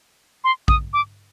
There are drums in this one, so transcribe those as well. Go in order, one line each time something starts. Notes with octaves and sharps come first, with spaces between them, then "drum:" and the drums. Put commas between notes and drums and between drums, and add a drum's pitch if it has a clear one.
C6
D#6, drum: kick A#1
D6